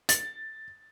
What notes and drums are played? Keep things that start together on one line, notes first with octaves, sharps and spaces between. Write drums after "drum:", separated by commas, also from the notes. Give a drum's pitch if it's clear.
A6, drum: hi-hat